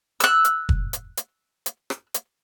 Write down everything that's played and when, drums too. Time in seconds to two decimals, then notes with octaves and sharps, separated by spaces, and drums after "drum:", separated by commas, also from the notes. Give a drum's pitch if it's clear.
0.20 E6 F#6, drum: hi-hat
0.45 drum: hi-hat
0.69 drum: kick
0.93 drum: hi-hat
1.17 drum: hi-hat
1.66 drum: hi-hat
1.90 drum: rim click
2.14 drum: hi-hat